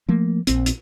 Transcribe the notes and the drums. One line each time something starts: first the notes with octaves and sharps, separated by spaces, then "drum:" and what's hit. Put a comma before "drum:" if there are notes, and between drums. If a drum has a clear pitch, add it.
F3 A3 A#3
A#1 C4, drum: hi-hat
drum: hi-hat